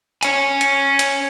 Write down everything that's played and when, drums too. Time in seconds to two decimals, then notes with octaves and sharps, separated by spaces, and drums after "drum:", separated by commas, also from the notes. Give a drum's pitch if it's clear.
0.23 C#5 G#5, drum: hi-hat
0.61 drum: hi-hat
0.99 drum: hi-hat